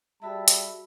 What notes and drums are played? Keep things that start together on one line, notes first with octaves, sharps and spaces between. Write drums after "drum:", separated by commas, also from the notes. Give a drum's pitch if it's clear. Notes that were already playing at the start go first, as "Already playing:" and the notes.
G3 F#4 G#4 E5 A5 B5
drum: hi-hat